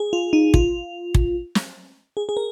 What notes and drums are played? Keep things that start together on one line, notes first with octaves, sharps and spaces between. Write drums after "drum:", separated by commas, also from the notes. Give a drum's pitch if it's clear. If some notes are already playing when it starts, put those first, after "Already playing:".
Already playing: G#4
F4
D#4
F4, drum: kick
drum: kick
drum: snare
G#4
G#4
A#4